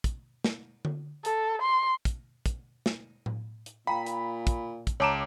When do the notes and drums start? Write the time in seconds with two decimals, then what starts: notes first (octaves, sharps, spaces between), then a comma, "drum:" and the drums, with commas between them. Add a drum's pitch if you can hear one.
0.04 drum: kick, hi-hat
0.44 drum: snare
0.85 drum: tom D3
1.25 A4, drum: hi-hat
1.62 C6
2.05 drum: kick, hi-hat
2.46 drum: kick, hi-hat
2.86 drum: snare
3.26 drum: tom A2
3.66 drum: hi-hat
3.87 A#2 F5 G5 A#5 B5
4.06 drum: hi-hat
4.47 drum: kick, hi-hat
4.87 drum: kick, hi-hat
5.00 C#2 C#5 A5 A#5 D6 E7